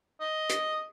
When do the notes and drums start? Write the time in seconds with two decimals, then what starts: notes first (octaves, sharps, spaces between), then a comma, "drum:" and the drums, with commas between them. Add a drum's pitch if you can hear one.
0.21 D#5
0.49 drum: hi-hat